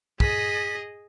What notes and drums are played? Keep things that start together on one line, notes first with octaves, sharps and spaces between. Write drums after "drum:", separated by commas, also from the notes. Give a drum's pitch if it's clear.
G#4 D#5 B6, drum: kick